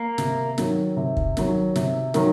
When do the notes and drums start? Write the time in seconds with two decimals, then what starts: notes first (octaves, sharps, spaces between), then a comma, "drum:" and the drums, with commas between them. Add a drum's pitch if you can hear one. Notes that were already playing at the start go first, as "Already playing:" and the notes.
Already playing: A#3
0.18 C3, drum: snare
0.58 D#3 F#3, drum: snare
0.97 C3
1.17 drum: kick
1.37 D#3 F#3, drum: snare
1.76 C3, drum: snare
2.14 D#3 F#3, drum: snare